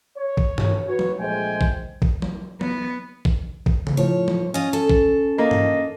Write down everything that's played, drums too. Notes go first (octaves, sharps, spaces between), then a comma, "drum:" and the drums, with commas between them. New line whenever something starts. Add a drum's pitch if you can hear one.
C#5
drum: kick A#1
drum: tom G2
F#4 B4 C#5
drum: tom F#3
A#1 G#3 A3 C5 G5 G#5
drum: kick A#1
drum: kick A#1
drum: tom F#3
B3, drum: tom F#3
drum: kick A#1
drum: kick A#1
drum: tom C#3
A2 F3 C#5
drum: tom F#3
C#4 F4 D#5
A4
drum: kick A#1
A#3 D#5
drum: tom G2